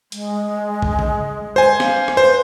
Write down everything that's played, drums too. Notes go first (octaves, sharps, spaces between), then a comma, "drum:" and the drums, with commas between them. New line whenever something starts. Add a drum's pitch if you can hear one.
G#3, drum: hi-hat
drum: kick A#1
drum: tom C#3
C5 G#5
F5, drum: snare
drum: rim click
B4 C5